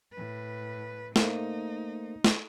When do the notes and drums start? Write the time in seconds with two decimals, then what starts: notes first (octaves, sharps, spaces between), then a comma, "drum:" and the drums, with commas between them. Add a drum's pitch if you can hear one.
0.13 A2 B4
1.16 A3 A#3 D#4 C5, drum: snare
2.24 drum: snare